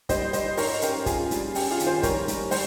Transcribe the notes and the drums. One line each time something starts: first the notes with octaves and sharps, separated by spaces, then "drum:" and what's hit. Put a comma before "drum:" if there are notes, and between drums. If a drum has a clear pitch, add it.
G3 C5 D#5, drum: kick, hi-hat
G3 C5 D#5, drum: hi-hat
G#2 A#4 C#5, drum: open hi-hat
C#4 G4 A#4, drum: hi-hat
C#4 F4 G#4, drum: kick, hi-hat
G3, drum: hi-hat
C#4 G4, drum: open hi-hat
F4 G#4
D#3, drum: hi-hat
G#4 C5
G3 A#4 C#5, drum: kick, hi-hat
G3, drum: hi-hat
G3 C5, drum: open hi-hat